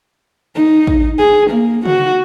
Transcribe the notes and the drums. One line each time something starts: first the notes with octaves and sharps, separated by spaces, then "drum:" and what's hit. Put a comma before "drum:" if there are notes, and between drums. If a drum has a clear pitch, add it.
D#4
drum: kick
G#4
A#3
F#4, drum: tom C#3